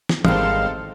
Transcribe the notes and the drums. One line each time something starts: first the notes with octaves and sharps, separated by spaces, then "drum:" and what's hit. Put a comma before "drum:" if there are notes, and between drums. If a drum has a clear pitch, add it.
drum: snare
G#1 D#3 G3 G#3 C4 A4 C5 F5, drum: tom E3